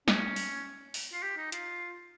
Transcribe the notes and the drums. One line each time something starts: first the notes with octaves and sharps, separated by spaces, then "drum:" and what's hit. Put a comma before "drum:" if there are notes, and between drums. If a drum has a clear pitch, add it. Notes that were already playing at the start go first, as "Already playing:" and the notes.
C#4, drum: snare
drum: open hi-hat
drum: open hi-hat
F4
G4
D#4
F4, drum: hi-hat